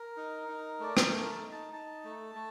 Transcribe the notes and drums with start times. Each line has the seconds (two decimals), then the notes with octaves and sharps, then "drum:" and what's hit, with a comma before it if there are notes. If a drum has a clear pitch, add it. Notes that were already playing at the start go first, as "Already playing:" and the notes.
Already playing: A#4
0.17 D#4
0.48 D#4
0.80 A3 D5
0.97 C5, drum: rim click
1.10 A3 A#4
1.32 A5
1.42 D#4
1.52 A5
1.73 D#4 A5
2.04 A3
2.35 A3